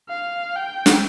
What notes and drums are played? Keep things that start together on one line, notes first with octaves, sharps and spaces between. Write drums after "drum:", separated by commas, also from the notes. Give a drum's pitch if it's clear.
F5
G5
drum: snare